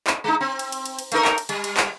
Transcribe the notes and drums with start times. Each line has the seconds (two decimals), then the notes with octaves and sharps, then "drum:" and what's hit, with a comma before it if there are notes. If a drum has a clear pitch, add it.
0.07 drum: clap
0.24 G#3 D#4
0.41 C4
0.59 drum: cymbal
0.72 drum: cymbal
0.85 drum: cymbal
0.99 drum: cymbal
1.12 A3 D#4 A#4, drum: cymbal
1.25 drum: clap
1.38 drum: cymbal
1.49 G3, drum: cymbal
1.64 drum: cymbal
1.77 drum: clap